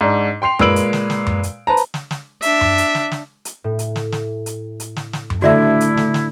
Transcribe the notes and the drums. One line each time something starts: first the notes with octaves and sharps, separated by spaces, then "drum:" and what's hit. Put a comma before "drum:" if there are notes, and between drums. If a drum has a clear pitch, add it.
G#2 D4
G5 C6 C7 F7
A#2 G#3 B4 E6 D7 F#7, drum: tom F#2
drum: hi-hat
drum: snare
drum: snare
drum: tom F#2
drum: hi-hat
B4 C5 A5 A#5
drum: hi-hat
drum: snare
drum: snare
D4 E5, drum: hi-hat
drum: tom F#2
drum: hi-hat
drum: snare
drum: snare
drum: hi-hat
A2
drum: hi-hat
drum: snare
drum: snare
drum: hi-hat
drum: hi-hat
drum: snare
drum: snare
drum: tom F#2
D3 A3 D4 E4 F#4 D5 E5
drum: hi-hat
drum: snare
drum: snare